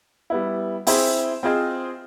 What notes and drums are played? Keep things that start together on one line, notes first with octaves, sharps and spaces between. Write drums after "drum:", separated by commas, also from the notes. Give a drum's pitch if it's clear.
G3 B3 E4
C4 E4 G#4 C5, drum: open hi-hat
C4 F4 G#4 C5 D#5